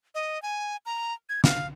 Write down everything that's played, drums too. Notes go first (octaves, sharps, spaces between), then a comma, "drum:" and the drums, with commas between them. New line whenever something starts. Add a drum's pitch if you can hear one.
D#5
G#5
A#5
G#6
F5, drum: snare